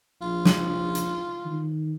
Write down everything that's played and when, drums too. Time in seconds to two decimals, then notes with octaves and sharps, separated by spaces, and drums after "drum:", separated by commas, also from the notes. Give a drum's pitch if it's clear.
0.21 A#1 F4
0.45 drum: snare
0.95 drum: hi-hat
1.45 D#3